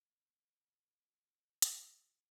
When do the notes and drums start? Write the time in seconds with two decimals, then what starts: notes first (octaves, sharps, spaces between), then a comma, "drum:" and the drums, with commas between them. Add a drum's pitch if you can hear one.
0.09 B2
0.29 B2
0.48 B3
0.67 B2
0.86 B2
1.05 F#3
1.24 F#3
1.43 F#3
1.62 F#3, drum: hi-hat
1.82 F4
2.00 F#3